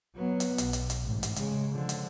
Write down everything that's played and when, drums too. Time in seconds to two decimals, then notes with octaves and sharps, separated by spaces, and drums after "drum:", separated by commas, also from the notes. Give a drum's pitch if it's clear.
0.16 F#3 B3
0.40 drum: hi-hat
0.58 B1, drum: hi-hat
0.73 drum: hi-hat
0.90 drum: hi-hat
1.02 A1 G#2
1.23 drum: hi-hat
1.36 C#3 G#3, drum: hi-hat
1.72 D3 F3
1.89 drum: hi-hat